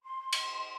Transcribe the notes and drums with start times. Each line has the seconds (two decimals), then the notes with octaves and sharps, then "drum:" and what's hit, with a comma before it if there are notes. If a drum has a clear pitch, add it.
0.03 C6
0.33 drum: cymbal